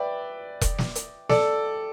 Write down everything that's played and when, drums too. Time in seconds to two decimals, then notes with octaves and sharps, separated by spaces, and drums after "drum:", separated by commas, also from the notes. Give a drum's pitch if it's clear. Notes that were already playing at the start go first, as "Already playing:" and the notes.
Already playing: B4 D5 E5 G5
0.61 drum: kick E1, hi-hat
0.78 drum: snare
0.95 drum: hi-hat
1.29 A4 D5, drum: snare